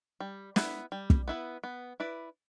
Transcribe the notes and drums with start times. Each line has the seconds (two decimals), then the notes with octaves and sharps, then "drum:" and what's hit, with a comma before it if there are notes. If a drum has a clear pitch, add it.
0.20 G3
0.56 B3 E4 B4, drum: snare
0.92 G3
1.10 drum: kick
1.28 B3 E4 B4
1.64 B3
2.00 E4 B4 D5